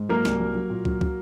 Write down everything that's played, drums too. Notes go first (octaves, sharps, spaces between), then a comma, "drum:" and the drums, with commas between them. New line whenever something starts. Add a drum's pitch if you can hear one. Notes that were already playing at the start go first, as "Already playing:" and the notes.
Already playing: G#2
F#3 A#3 A#4
C2, drum: snare
F#3
F#3
A#2
F#3, drum: kick
F#3, drum: kick